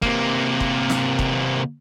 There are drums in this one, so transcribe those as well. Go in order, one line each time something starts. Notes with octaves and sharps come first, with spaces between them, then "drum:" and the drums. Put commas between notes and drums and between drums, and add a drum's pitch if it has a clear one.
C3 A#3, drum: kick
drum: kick
drum: snare
drum: kick